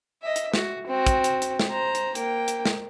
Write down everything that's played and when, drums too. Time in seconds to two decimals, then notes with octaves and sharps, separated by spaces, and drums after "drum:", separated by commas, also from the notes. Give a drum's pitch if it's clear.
0.22 D#5 E5
0.36 drum: hi-hat
0.54 F#4, drum: snare
0.87 C4 F#4
1.07 drum: kick, hi-hat
1.24 drum: hi-hat
1.42 drum: hi-hat
1.59 drum: snare
1.70 C5 A#5
1.95 drum: hi-hat
2.15 A#3 G5, drum: hi-hat
2.48 drum: hi-hat
2.65 drum: snare